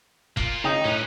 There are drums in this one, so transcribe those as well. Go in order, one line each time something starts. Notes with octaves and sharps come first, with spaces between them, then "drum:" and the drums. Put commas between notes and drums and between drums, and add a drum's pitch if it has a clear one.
A#3 F4, drum: kick F1
C#3 D#4 D#5 G5
A2 C#4 B4